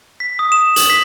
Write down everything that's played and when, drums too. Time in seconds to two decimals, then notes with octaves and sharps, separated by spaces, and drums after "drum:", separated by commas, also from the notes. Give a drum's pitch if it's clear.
0.20 B6
0.39 D#6
0.52 E7
0.76 F#7, drum: hi-hat
0.90 B6